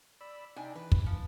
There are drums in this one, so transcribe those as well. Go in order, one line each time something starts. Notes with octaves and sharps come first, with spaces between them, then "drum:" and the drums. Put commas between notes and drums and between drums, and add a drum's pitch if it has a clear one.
D5 B5 E6
C3 D4 D#4 D5 G5 G#5
E3 B4
drum: kick
F3